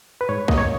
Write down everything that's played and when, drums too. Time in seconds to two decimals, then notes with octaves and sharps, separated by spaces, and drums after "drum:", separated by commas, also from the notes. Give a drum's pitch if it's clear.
0.21 B4
0.29 G#2 C#5
0.48 A#3 D#5, drum: kick B1
0.57 C#5